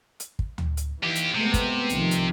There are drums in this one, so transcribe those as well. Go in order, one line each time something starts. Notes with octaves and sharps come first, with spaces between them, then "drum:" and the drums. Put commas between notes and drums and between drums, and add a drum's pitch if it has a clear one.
drum: hi-hat
drum: kick
drum: tom D2
drum: hi-hat
D#2 E3 G4
drum: hi-hat
C3 G#3 A3 B3
drum: kick, hi-hat
C2 D#3 F3, drum: hi-hat
drum: hi-hat